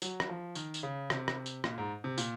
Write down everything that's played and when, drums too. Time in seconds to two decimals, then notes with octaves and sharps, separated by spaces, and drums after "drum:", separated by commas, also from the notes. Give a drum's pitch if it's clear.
0.02 F#3, drum: tambourine
0.20 drum: rim click
0.30 F3
0.55 D#3, drum: tambourine
0.74 drum: tambourine
0.83 C#3
1.10 C3, drum: rim click
1.28 drum: rim click
1.46 drum: tambourine
1.64 A#2, drum: rim click
1.78 G#2
2.04 C3
2.18 A#2, drum: tambourine